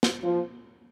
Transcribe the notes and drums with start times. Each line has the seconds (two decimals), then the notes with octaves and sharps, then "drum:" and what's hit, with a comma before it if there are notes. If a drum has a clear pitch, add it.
0.03 drum: snare
0.22 F3